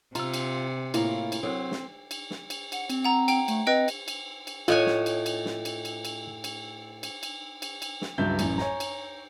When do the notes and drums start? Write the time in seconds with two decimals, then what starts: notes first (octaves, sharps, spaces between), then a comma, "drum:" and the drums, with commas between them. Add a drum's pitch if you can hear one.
0.15 C3 F4 A#5 E6, drum: cymbal
0.34 drum: cymbal
0.94 A2 A#3 E4 F4, drum: cymbal
1.32 drum: cymbal
1.43 F#3 C4 A4 A#4 C5
1.71 drum: snare
2.11 drum: cymbal
2.30 drum: snare
2.50 drum: cymbal
2.72 F#5, drum: cymbal
2.90 C4, drum: cymbal
3.05 F#5 A#5
3.28 G5, drum: cymbal
3.48 A3, drum: cymbal
3.67 C4 B4 D#5 G5
3.88 drum: cymbal
4.08 drum: cymbal
4.47 drum: cymbal
4.68 A2 F4 C#5 D#5 G#5 F#6, drum: cymbal
4.86 drum: snare
5.06 drum: cymbal
5.26 drum: cymbal
5.46 drum: snare
5.65 drum: cymbal
5.85 drum: cymbal
6.05 drum: cymbal
6.44 drum: cymbal
7.03 drum: cymbal
7.23 drum: cymbal
7.62 drum: cymbal
7.82 drum: cymbal
8.02 drum: snare
8.18 C#2 G2 F#3 E5 G6
8.39 A1 F#2 A2, drum: cymbal
8.58 C#5 G#5 A#5, drum: snare
8.80 drum: cymbal